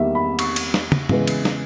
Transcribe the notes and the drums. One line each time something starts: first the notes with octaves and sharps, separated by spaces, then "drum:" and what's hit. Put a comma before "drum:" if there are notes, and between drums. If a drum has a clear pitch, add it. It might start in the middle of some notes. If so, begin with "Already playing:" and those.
Already playing: E2 D#3 G3 A#3 E5
B5
C#6, drum: cymbal
drum: cymbal
drum: snare
drum: tom
C#3 E3 G#3 B3, drum: tom G#2
drum: cymbal
drum: snare